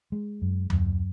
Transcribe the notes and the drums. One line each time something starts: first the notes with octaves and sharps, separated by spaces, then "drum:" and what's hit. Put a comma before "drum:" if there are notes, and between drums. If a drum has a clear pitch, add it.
G#3
F#2
F#2, drum: tom D#2